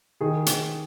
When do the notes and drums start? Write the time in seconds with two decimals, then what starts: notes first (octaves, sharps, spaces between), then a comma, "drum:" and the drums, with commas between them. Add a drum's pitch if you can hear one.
0.21 D#3 G#4
0.46 D#3, drum: hi-hat